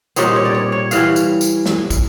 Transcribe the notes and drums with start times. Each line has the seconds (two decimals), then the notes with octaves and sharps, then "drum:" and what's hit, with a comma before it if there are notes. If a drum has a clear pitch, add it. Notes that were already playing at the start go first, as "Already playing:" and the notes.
0.16 A#2 G3 C4 D#4 C#5, drum: tambourine
0.36 C#5
0.45 D5
0.54 C#5
0.72 C#5
0.91 E3 G3 F5, drum: tambourine
1.16 drum: tambourine
1.41 drum: tambourine
1.66 drum: snare
1.90 drum: kick, tambourine